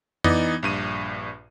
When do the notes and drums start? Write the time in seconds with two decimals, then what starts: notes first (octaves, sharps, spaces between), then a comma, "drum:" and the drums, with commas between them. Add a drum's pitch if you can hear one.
0.24 E3 B3 D#4 D5 D#5, drum: tom F2
0.63 A#1 G2 D#7